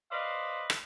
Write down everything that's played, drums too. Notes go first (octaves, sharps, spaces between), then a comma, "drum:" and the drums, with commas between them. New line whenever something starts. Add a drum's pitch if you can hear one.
B4 C5 D5 D#5 F5
drum: rim click